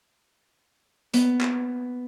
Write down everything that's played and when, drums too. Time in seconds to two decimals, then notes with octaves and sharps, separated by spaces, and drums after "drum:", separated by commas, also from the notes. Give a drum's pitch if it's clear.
1.14 B3, drum: hi-hat
1.41 drum: clap